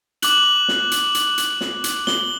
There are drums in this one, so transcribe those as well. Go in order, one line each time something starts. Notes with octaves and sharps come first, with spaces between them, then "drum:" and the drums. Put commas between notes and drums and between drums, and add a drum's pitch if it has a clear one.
D6 F#6 F#7, drum: hi-hat
drum: snare
drum: hi-hat
drum: hi-hat
drum: hi-hat
drum: snare
drum: hi-hat
G7, drum: snare